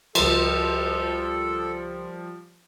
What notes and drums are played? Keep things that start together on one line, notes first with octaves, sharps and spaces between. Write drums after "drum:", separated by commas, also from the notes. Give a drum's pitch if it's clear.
C#2 F3 G3 A4 A#4 C6, drum: cymbal